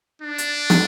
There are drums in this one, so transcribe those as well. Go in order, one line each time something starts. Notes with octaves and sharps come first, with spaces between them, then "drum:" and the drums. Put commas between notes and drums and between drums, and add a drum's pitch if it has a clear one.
D4
drum: hi-hat
drum: snare